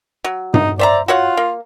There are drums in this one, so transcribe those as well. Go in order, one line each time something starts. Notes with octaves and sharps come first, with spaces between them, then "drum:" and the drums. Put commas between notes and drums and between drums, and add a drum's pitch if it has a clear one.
F#3
D#4, drum: tom G2
C5 D5 E5 A#5
F4 F#4 C#5 F#5
A#3